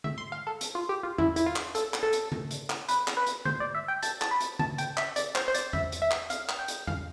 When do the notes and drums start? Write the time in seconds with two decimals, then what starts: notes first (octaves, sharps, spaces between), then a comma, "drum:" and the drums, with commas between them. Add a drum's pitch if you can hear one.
0.04 E5, drum: tom D3
0.18 C6
0.32 F5
0.47 A4
0.61 drum: hi-hat
0.75 F4
0.89 G4
1.03 F4
1.18 E4, drum: tom E2
1.36 E4, drum: hi-hat
1.46 F4
1.56 drum: clap
1.75 A4, drum: hi-hat
1.94 drum: clap
2.03 A4
2.13 drum: hi-hat
2.32 drum: tom C#3
2.51 drum: hi-hat
2.70 drum: clap
2.88 B4, drum: hi-hat
3.08 drum: clap
3.17 B4
3.27 drum: hi-hat
3.45 C5, drum: tom D3
3.60 D5
3.75 E5
3.88 G5
4.03 A5, drum: hi-hat
4.21 A5, drum: clap
4.31 B5
4.40 drum: hi-hat
4.59 A5, drum: tom C#3
4.78 G5, drum: hi-hat
4.97 E5, drum: clap
5.16 D5, drum: hi-hat
5.35 C5, drum: clap
5.48 C5
5.54 D5, drum: hi-hat
5.73 E5, drum: tom E2
5.92 drum: hi-hat
6.02 E5
6.11 drum: clap
6.30 F5, drum: hi-hat
6.49 drum: clap
6.59 G5
6.68 drum: hi-hat
6.87 F5, drum: tom E2